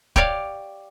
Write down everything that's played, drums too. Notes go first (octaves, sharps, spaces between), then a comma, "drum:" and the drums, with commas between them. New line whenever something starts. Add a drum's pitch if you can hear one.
G4 C#5 D5 F5, drum: kick